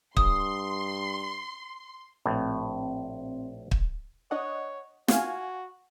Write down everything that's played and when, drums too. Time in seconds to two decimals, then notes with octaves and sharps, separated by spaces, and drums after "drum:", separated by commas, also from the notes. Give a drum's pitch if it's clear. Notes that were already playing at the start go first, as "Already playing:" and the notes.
0.17 G2 C6 D#6, drum: kick
2.26 A#1 A2 C4
3.71 drum: kick
4.31 D4 C#5 D#5 F#5
5.08 F4 F#4 F5 G#5, drum: snare